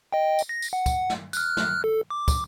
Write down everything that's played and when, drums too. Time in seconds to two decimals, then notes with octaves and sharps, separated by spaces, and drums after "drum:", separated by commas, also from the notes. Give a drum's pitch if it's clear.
0.12 D#5 G5
0.39 drum: tambourine
0.49 A#6
0.62 drum: tambourine
0.73 F#5
0.86 drum: kick, tambourine
1.10 drum: snare
1.33 F6 F#6, drum: tambourine
1.57 drum: snare
1.84 A4
2.10 D6
2.28 drum: kick, tambourine